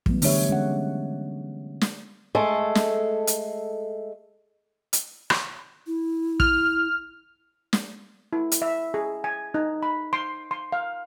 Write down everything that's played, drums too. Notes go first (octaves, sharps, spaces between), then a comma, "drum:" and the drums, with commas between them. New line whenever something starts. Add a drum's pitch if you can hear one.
E3 F#3 G3 A3 B3, drum: kick
D3 A3 D4 G4 C#5 E5, drum: open hi-hat
G#3 C#4 F#5
drum: snare
G#3 A3 A4
drum: snare
drum: hi-hat
drum: hi-hat
drum: rim click
E4
F6, drum: kick
drum: snare
E4
drum: hi-hat
E5
G#4
G#5
D#4
B5
C6
C6
F5